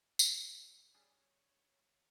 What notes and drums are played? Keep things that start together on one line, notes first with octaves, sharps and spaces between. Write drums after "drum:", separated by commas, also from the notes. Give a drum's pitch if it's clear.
G3 D#4 G4, drum: tambourine
G3 D4 G#4 C#5